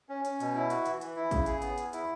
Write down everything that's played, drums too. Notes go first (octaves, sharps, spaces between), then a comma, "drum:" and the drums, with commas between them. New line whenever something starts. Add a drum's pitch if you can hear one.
C#4
C#4, drum: hi-hat
B2, drum: hi-hat
E4
F#4, drum: hi-hat
E3, drum: hi-hat
E3, drum: hi-hat
E4
C#3, drum: kick, hi-hat
G#4, drum: hi-hat
B3, drum: hi-hat
E2, drum: hi-hat
E4, drum: hi-hat